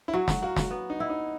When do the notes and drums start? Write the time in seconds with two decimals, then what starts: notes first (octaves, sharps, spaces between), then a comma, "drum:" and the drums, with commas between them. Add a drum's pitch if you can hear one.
0.08 E4
0.13 F#3 F#4
0.28 drum: snare
0.42 A#3 F#4
0.56 drum: snare
0.70 B3
0.90 D#4
1.00 E4
1.10 D#4